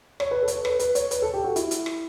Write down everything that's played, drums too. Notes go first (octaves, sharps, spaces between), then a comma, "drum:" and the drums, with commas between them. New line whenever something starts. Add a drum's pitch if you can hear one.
C#5, drum: rim click
B4
A4
C#5, drum: hi-hat
B4
B4, drum: rim click
B4, drum: hi-hat
C#5, drum: hi-hat
B4, drum: hi-hat
A4
G4
F#4
E4, drum: hi-hat
drum: hi-hat
drum: rim click